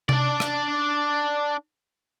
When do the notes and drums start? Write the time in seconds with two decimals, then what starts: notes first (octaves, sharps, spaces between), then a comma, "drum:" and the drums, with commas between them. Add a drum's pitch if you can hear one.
0.09 D4 D5, drum: tom C3
0.40 drum: rim click